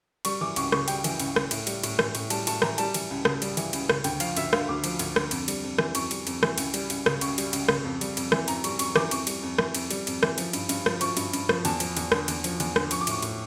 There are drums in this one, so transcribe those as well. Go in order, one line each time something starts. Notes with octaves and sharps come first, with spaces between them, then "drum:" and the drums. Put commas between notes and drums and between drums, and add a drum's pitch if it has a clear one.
G3 C#6, drum: cymbal
E3 D6
C#2 C#6, drum: cymbal
C#3 C#6, drum: rim click
G3 G5, drum: cymbal
E3, drum: cymbal
C#2, drum: cymbal
C#3, drum: rim click
A2, drum: cymbal
G3, drum: cymbal
A2, drum: cymbal
E3, drum: rim click
A2, drum: cymbal
G3 A5, drum: cymbal
A2 A5, drum: cymbal
E3 A#5, drum: rim click
G3 A5, drum: cymbal
E3, drum: cymbal
C#2
C#3, drum: rim click
G3, drum: cymbal
E3, drum: cymbal
C#2, drum: cymbal
C#3, drum: rim click
D2 G5, drum: cymbal
F3 F5, drum: cymbal
D2 E5, drum: cymbal
D3 F5, drum: rim click
D2 D6
F3, drum: cymbal
D2, drum: cymbal
D3, drum: rim click
F2, drum: cymbal
G3, drum: cymbal
F2
E3, drum: rim click
F2 C#6, drum: cymbal
G3, drum: cymbal
F2, drum: cymbal
E3, drum: rim click
C#2, drum: cymbal
G3, drum: cymbal
C#2, drum: cymbal
C#3, drum: rim click
C#2 C#6, drum: cymbal
G3, drum: cymbal
C#2, drum: cymbal
C#3, drum: rim click
F2
G3, drum: cymbal
F2, drum: cymbal
E3, drum: rim click
F2 A#5, drum: cymbal
G3 C#6, drum: cymbal
F2 C#6, drum: cymbal
E3 D6, drum: rim click
F2 C#6, drum: cymbal
G3, drum: cymbal
F2
E3, drum: rim click
F2, drum: cymbal
G3, drum: cymbal
F2, drum: cymbal
E3, drum: rim click
F3, drum: cymbal
G2, drum: cymbal
G2, drum: cymbal
F3, drum: rim click
F3 C#6, drum: cymbal
G2, drum: cymbal
G2, drum: cymbal
F3, drum: rim click
E2 A5, drum: cymbal
F3, drum: cymbal
E2, drum: cymbal
D3, drum: rim click
E2, drum: cymbal
F3, drum: cymbal
E2, drum: cymbal
D3, drum: rim click
F3 C#6, drum: cymbal
D6
A2 C#6, drum: cymbal
A2, drum: cymbal